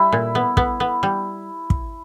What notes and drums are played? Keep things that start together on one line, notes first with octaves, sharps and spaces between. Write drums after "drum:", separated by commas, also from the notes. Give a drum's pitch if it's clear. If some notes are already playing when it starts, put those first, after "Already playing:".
Already playing: G3 E4
A#2
B3
B3, drum: kick
B3
G3
drum: kick